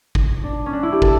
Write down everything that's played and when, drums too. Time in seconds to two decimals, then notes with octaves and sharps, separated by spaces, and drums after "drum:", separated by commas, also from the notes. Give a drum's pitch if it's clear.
0.15 drum: kick
0.44 D4
0.66 C#4
0.73 D4
0.83 E4
0.92 G4
1.02 A4, drum: kick